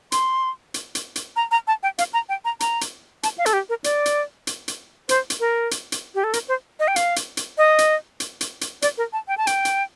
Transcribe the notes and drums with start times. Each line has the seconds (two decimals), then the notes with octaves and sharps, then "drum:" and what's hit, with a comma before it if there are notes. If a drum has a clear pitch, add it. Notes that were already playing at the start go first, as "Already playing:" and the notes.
0.12 C6, drum: hi-hat
0.74 drum: hi-hat
0.95 drum: hi-hat
1.16 drum: hi-hat
1.36 A#5
1.51 A#5
1.67 A5
1.83 G5
1.98 F5, drum: hi-hat
2.13 A#5
2.29 G5
2.45 A#5
2.60 A#5, drum: hi-hat
2.81 drum: hi-hat
3.23 A5, drum: hi-hat
3.38 F5
3.46 A4, drum: hi-hat
3.53 G4
3.69 A#4
3.84 D5, drum: hi-hat
4.06 drum: hi-hat
4.47 drum: hi-hat
4.68 drum: hi-hat
5.09 C5, drum: hi-hat
5.30 drum: hi-hat
5.40 A#4
5.71 drum: hi-hat
5.92 drum: hi-hat
6.15 G4
6.24 A4
6.33 A#4, drum: hi-hat
6.48 C5
6.80 D#5
6.88 G5
6.96 F5, drum: hi-hat
7.16 drum: hi-hat
7.37 drum: hi-hat
7.58 D#5
7.78 drum: hi-hat
8.20 drum: hi-hat
8.41 drum: hi-hat
8.61 drum: hi-hat
8.82 D5, drum: hi-hat
8.97 A#4
9.13 A5
9.28 G5
9.38 A5
9.47 G5, drum: hi-hat
9.65 drum: hi-hat